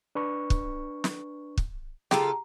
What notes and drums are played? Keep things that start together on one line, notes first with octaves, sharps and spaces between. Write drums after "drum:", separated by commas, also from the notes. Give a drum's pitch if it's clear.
D4 B4 C#6
drum: kick
drum: snare
drum: kick
C#3 F4 G4 A4 A#5, drum: snare